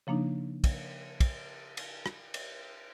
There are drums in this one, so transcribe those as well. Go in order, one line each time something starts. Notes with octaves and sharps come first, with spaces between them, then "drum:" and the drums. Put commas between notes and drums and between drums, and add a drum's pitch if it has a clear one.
C#3 F3 A#3 D4 D#4
drum: kick, cymbal
drum: kick, cymbal
drum: cymbal
drum: rim click
drum: cymbal